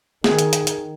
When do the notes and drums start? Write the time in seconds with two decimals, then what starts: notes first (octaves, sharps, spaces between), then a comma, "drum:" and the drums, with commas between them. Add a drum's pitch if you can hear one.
0.24 D#3 G#4, drum: snare
0.39 drum: hi-hat
0.53 drum: hi-hat
0.67 drum: hi-hat